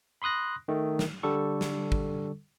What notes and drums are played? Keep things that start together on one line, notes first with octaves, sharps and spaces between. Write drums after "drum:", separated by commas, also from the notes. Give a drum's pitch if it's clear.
B5 C6 D#6 F#6 A#6
D#3 A3
drum: snare
D3 G3 A4 C#6
drum: snare
drum: kick